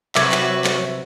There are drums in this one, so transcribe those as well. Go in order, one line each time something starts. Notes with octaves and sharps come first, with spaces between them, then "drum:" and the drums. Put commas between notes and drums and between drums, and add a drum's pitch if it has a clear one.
C3 F#3 F#4 B4 E5 D6 G#6, drum: clap
drum: clap
drum: clap